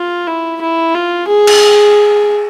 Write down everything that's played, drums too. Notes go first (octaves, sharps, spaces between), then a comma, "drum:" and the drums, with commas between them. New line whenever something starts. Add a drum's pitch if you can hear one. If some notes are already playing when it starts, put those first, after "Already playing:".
Already playing: F4
E4
E4
F4
G#4
drum: cymbal